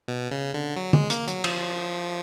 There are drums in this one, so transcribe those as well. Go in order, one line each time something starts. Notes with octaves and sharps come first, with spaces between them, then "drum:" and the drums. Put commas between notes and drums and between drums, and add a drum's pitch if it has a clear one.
B2
C#3
D3
F#3
G#3, drum: tom
A#3, drum: hi-hat
F#3, drum: hi-hat
F3, drum: cymbal